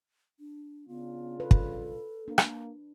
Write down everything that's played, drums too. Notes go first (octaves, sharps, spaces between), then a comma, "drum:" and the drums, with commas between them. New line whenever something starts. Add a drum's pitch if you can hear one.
D4
C#3 B3 D4 F4
A4 B4
drum: kick
A#3 D4
drum: rim click